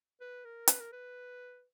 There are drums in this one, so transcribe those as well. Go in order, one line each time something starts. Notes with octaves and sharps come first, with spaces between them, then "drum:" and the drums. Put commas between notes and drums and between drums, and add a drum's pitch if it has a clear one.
B4
A#4
B4, drum: hi-hat
A#4
B4